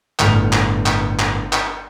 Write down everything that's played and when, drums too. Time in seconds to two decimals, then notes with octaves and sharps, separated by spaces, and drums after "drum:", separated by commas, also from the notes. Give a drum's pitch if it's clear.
0.19 G1 A2 A3 F6 F#6 F7, drum: clap
0.53 drum: clap
0.86 drum: clap
1.19 drum: clap
1.53 drum: clap